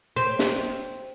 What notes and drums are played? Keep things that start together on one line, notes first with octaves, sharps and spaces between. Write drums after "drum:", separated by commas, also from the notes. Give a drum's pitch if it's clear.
C4
drum: snare